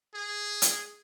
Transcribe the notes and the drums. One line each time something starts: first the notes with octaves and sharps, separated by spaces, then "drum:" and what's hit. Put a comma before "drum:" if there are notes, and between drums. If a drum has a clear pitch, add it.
G#4
drum: hi-hat